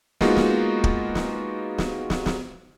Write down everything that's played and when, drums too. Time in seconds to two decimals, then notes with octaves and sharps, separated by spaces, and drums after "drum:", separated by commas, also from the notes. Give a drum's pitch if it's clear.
0.21 G#3 A#3 B3 D#4 F4 F#4, drum: snare
0.36 drum: snare
0.84 drum: kick
1.15 drum: snare
1.78 drum: snare
2.10 drum: snare
2.26 drum: snare